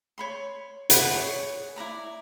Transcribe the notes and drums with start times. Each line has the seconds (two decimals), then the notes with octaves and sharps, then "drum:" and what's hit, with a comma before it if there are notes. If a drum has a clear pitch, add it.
0.18 C#5 B5 C6
0.90 E4 F#5 B5, drum: hi-hat
1.12 G#4 C#5
1.76 E4 D5 A#5 B5